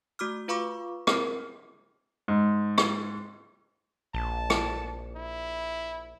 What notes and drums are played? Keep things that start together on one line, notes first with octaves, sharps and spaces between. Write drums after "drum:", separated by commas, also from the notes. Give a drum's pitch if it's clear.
A3 F#4 D6 F6
F4 B4 F5 B5 C#6 D6
C4 A#4 F6, drum: rim click
G#2
drum: rim click
A#1 A5
drum: rim click
E4